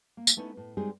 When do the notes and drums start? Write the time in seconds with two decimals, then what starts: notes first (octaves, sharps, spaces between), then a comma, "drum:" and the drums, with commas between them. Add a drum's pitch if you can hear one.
0.17 A#3
0.27 drum: tambourine
0.37 A3 B3 C#4 D#4 E4
0.57 A2
0.77 G3 G#3 C4 D#4 G4 G#4